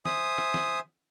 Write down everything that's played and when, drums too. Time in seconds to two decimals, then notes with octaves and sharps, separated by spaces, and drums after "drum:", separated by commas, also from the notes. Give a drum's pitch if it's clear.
0.05 C5 E5 G#5 D#6, drum: snare
0.38 drum: rim click
0.54 drum: snare